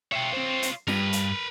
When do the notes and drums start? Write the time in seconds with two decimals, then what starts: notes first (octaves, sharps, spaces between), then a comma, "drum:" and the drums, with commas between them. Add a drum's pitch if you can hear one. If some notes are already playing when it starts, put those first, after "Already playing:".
0.12 F4 C#5 E5 G5
0.33 C4 C5
0.63 drum: hi-hat
0.88 G2 A#4 B4, drum: snare
1.13 drum: hi-hat